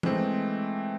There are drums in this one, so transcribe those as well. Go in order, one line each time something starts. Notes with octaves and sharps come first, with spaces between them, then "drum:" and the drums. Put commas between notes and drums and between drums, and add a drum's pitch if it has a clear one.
E3 G#3 A3 C4, drum: tom